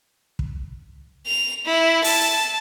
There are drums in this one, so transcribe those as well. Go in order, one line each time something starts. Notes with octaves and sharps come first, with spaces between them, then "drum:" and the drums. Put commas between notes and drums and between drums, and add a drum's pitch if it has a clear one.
drum: kick
F7
E4
A5, drum: open hi-hat